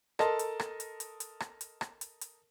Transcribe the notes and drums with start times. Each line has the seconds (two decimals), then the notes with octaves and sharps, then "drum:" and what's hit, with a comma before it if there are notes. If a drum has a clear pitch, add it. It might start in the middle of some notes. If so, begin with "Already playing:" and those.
0.19 A4 A#4 D#5 A5 C6, drum: rim click
0.39 drum: hi-hat
0.60 drum: rim click
0.80 drum: hi-hat
1.00 drum: hi-hat
1.20 drum: hi-hat
1.40 drum: rim click
1.61 drum: hi-hat
1.81 drum: rim click
2.01 drum: hi-hat
2.21 drum: hi-hat